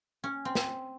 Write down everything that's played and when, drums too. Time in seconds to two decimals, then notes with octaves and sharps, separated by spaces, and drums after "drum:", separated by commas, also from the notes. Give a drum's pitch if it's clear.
0.24 C#4
0.45 C4
0.55 drum: snare